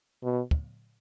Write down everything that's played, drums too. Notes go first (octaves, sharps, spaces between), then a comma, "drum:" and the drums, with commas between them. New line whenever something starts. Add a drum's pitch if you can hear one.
B2
drum: kick